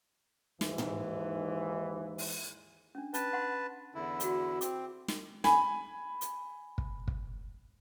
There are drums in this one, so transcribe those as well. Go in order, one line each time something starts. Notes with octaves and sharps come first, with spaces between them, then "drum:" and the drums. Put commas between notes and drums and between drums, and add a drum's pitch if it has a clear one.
D#2 G#2 E3, drum: snare
drum: tom
drum: open hi-hat
C#4 D4
C#4 B4 A5, drum: hi-hat
F#5 C6
E2 D3 E4
F#4 G#4, drum: hi-hat
C4 D6, drum: hi-hat
drum: snare
G#5 B5, drum: snare
drum: hi-hat
drum: kick
drum: kick